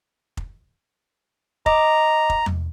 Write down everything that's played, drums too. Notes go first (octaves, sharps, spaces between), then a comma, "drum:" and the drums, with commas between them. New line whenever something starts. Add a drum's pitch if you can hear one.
drum: kick F1
D#5 A#5 D6, drum: kick F1
drum: kick F1
drum: tom E2